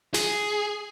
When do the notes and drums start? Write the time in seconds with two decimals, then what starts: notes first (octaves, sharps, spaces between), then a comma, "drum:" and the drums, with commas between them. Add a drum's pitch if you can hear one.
0.14 G#4, drum: snare